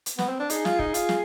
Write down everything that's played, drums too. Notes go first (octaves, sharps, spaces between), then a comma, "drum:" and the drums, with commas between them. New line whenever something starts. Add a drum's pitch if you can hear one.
drum: hi-hat
B3, drum: snare
C4
D4
D#4 G#4, drum: hi-hat
F4, drum: snare
D#4, drum: kick
F4, drum: hi-hat
drum: snare